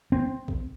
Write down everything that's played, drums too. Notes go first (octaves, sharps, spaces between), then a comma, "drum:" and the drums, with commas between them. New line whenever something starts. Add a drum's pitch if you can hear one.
C4
drum: kick A#1